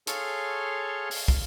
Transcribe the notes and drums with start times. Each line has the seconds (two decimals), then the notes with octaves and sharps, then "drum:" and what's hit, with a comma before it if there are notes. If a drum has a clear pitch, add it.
0.07 G#4 A4 C#5 F5 C6 C#6, drum: hi-hat
1.11 drum: open hi-hat
1.28 drum: kick